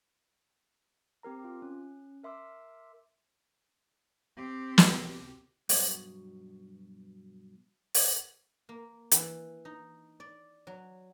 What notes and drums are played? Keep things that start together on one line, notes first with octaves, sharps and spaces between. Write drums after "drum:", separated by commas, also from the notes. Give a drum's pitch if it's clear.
C4 G4 A#4 A#5
F4
C#4
A#4 E5 C6 D6 E6
C4 G4
drum: snare
G2 B2 F#3, drum: open hi-hat
drum: open hi-hat
A#3
E3, drum: hi-hat
D#4
D5
F#3